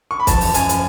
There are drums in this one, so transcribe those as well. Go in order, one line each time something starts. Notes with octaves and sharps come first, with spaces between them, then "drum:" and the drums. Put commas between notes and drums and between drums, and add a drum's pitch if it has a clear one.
C#6
B5
F3 A5, drum: kick B1, hi-hat
F#2, drum: open hi-hat
F#2 G#5, drum: hi-hat
F3, drum: hi-hat